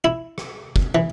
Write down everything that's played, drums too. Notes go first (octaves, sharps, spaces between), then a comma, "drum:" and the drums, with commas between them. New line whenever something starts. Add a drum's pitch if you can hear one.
E4
drum: rim click
drum: kick
E3